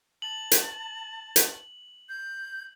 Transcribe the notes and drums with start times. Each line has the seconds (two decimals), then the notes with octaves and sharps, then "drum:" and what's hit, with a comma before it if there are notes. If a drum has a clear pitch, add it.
0.22 A5 F#7
0.51 drum: hi-hat
1.36 drum: hi-hat
2.09 G6